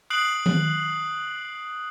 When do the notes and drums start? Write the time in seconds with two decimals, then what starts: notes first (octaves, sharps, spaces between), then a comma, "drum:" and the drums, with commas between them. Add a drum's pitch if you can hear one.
0.10 D#6 F#6 C7 D7 F#7
0.46 drum: tom D#3